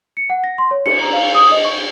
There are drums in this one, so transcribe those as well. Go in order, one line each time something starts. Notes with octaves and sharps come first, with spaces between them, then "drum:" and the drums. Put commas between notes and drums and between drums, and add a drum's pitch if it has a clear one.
C#7
F#5
A#6
C6
C#5
C#7, drum: cymbal
A#5
F5
D#6
D#5
C#6
G7